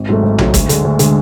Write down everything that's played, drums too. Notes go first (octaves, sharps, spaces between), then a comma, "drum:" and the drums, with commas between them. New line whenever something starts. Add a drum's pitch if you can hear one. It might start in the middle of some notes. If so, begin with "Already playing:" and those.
Already playing: G#1
G#2 F#3 A3
G#1
G#2 F#3 A3, drum: tom B1
D2, drum: kick, hi-hat
D3 G#3, drum: hi-hat
D2
D3 G#3, drum: hi-hat